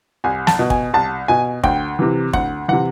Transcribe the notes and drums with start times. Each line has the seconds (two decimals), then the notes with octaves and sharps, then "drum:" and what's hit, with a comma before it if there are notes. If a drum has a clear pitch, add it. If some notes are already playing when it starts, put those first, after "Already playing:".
0.24 C2 G#5
0.47 A5, drum: snare
0.59 B2
0.70 G#5, drum: kick
0.93 C2 A5
1.28 B2 G#5
1.64 D2 G5, drum: kick
1.99 C3 E3
2.33 D2 F#5, drum: kick
2.68 C3 E3 F#5